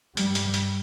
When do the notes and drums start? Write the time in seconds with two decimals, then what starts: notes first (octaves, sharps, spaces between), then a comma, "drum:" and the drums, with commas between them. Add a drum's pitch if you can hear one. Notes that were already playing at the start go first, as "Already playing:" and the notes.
0.17 G2 G3, drum: hi-hat
0.35 drum: hi-hat
0.54 drum: hi-hat